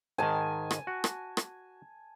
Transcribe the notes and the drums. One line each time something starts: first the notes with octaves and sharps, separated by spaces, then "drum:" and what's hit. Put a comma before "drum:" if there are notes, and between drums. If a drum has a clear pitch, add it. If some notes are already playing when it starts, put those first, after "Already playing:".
G#2 D#3 G#5 A5
drum: rim click
F#4
drum: rim click
drum: rim click